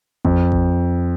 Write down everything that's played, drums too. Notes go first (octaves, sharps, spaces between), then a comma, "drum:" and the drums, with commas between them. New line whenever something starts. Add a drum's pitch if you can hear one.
F2, drum: kick A1
drum: kick A1